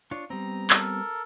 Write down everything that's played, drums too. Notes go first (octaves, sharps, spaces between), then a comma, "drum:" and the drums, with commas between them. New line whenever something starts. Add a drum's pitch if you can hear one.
D4 F4 C#5
G3 B3 C4 A#5
A4 A#4, drum: clap